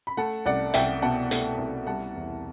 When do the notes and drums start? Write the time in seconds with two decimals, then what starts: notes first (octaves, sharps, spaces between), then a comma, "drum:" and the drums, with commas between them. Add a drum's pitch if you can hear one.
0.07 B5
0.17 A3 F#5 A5
0.46 C2 D5 F#5
0.74 C2 E5 G5, drum: hi-hat
1.02 B2 F#5 A5
1.31 A3, drum: hi-hat
1.58 C2
1.86 G3 F#5 A5
2.16 E2